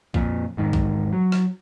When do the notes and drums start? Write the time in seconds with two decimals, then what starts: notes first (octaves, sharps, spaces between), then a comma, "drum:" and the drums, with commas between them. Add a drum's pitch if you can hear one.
0.14 F2 A#2, drum: kick B1
0.57 E1 G#2 D#3
0.73 drum: kick B1
1.13 F#3
1.32 drum: rim click